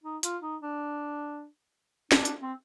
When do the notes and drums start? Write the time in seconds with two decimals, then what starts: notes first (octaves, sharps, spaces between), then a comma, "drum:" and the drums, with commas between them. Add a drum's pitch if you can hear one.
0.03 D#4
0.23 F4, drum: hi-hat
0.42 D#4
0.63 D4
2.12 D4, drum: snare
2.25 drum: hi-hat
2.42 C4